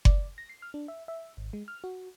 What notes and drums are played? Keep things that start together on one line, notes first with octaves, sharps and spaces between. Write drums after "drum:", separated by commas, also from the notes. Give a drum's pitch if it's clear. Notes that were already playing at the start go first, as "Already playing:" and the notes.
D5, drum: kick F#1
A#6
C7
F6
D4
E5
E5
G#1
G#3
F6
F#4